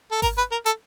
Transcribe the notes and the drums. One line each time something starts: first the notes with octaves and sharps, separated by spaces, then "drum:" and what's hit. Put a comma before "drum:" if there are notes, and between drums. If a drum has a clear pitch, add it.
A4
A#4, drum: kick G#1, open hi-hat
B4
A#4
A4, drum: hi-hat